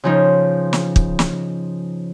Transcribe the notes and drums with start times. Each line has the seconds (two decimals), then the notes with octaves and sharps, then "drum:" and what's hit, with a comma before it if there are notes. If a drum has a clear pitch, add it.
0.04 C#3 F3 D#4
0.73 drum: snare
0.96 drum: kick
1.19 drum: snare